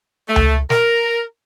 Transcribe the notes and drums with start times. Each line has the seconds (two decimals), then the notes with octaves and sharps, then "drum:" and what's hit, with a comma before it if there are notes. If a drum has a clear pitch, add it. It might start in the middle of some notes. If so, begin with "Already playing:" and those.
0.27 A3
0.36 drum: tom C#2
0.70 A#4, drum: snare